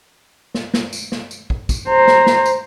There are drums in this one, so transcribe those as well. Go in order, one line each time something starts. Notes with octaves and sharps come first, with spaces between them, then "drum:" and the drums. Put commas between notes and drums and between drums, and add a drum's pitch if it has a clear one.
drum: snare
drum: snare
drum: tambourine
drum: snare
drum: tambourine
drum: kick
drum: kick, tambourine
C5 A#5
drum: snare
drum: snare
drum: tambourine